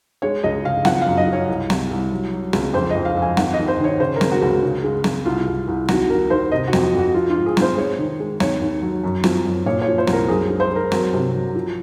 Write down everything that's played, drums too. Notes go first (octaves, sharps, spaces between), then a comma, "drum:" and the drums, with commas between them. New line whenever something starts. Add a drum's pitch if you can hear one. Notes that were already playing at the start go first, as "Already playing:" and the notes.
G#3 C#5
C#2 D#5
C#3 F5
F3 F#5, drum: snare
F5
F#2
D#5
F3
C#5
C2
C2, drum: snare
C2
F#3
F#3
C#2, drum: snare
F2 C5
F2 D#5
F5
F2
G#5
D#3 F#5, drum: snare
D#5
D#2
C5
D#3 C#5
C#3 C5
A#4
G#3, drum: snare
F#4
C#2
C#3
G#3
G#3, drum: snare
C2 F4
C2
C2
D#2 F#4, drum: snare
D#3 A#4
D#2 C5
C3 D#5
F#4
F2, drum: snare
F#4
F2 F#4
F3 F4
F4
G#2
G#4
G#2 C5, drum: snare
G#3 C#5
D#3
G#3
D#2 C#5, drum: snare
D#2
F#3
F#2
F3, drum: snare
F#2
A#2 C#5
C#5
F3
C5
C2, drum: snare
A#4
F#2 G#4
G#3
C5
G#3 A#4
F#3, drum: snare
C3
F#3
F3